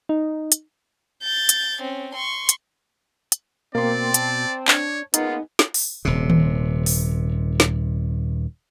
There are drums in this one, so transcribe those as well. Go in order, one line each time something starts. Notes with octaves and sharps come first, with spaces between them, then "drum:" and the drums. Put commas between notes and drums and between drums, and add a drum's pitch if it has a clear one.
D#4
drum: hi-hat
G6 A6
drum: hi-hat
C4 C#4
C6 C#6
drum: hi-hat
drum: hi-hat
B2 A#3 C4 D5 C6
A5, drum: hi-hat
D4 C#5, drum: clap
C#2 G#3 A#3 B3 D#4 F4, drum: hi-hat
drum: snare
drum: open hi-hat
D#1 C3
drum: tom D#3
drum: open hi-hat
drum: snare